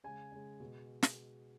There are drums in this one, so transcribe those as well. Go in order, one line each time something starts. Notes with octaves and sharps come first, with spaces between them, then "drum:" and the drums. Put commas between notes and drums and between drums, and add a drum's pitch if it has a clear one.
C#3 G#3 G#5
C#3 G#3
B2 G#3
drum: snare